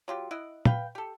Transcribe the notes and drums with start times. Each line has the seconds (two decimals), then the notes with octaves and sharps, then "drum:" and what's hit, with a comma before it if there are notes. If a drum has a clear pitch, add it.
0.08 F#3 F4 G4
0.31 E4 D#5 F#5
0.65 B4 F5 G5, drum: tom
0.95 G4 A4